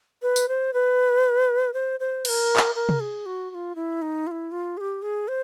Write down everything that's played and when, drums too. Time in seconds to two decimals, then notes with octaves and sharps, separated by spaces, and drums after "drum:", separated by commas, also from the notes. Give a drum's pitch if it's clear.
0.22 B4
0.36 drum: tambourine
0.49 C5
0.74 B4
1.74 C5
2.00 C5
2.25 B4, drum: cymbal
2.29 A#4
2.57 drum: clap
2.75 A#4
2.89 drum: tom
3.00 G#4
3.26 F#4
3.50 F#4
3.55 F4
3.75 E4
4.02 D#4
4.27 F4
4.31 E4
4.52 F4
4.77 G#4
4.81 G4
5.02 G#4
5.28 C5